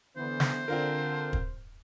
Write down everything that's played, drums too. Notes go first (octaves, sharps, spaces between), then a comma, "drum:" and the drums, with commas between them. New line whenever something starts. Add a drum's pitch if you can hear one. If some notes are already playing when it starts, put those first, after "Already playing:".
D3 E3 B3 C5
drum: snare
D3 C4 F4 A#4
drum: kick